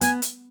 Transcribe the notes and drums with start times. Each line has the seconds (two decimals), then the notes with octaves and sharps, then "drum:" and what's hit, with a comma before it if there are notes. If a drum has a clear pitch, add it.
0.01 B3 G#5, drum: hi-hat
0.22 drum: hi-hat